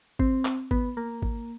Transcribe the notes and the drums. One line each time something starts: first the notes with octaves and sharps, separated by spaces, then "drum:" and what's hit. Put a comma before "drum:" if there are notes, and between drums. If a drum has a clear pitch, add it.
C4, drum: kick
drum: clap
B3, drum: kick
A#3
drum: kick